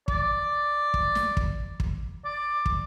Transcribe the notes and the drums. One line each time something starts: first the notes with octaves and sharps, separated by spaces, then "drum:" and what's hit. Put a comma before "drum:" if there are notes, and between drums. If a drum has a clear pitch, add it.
D5, drum: kick
drum: kick
drum: snare
drum: kick
drum: kick
D5
drum: kick